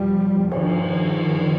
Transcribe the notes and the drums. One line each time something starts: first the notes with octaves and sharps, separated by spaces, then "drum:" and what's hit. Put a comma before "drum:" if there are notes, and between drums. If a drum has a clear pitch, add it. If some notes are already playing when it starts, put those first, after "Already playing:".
Already playing: E2 B2 F3 G3
G2 D#3 F3, drum: cymbal
D#3 F3
F#2 C#3